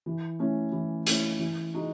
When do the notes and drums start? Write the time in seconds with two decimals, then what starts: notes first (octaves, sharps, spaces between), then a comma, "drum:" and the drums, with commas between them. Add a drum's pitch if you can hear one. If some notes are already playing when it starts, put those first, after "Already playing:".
0.06 E3
0.39 A3 C#4 E4
0.72 E3
1.06 A3 C#4 E4, drum: hi-hat
1.39 E3
1.74 G#3 D#4 F#4